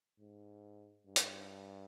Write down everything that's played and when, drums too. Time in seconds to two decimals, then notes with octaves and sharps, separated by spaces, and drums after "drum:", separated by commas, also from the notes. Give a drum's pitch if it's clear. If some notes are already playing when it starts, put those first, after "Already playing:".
0.20 G#2
1.06 G2
1.16 drum: hi-hat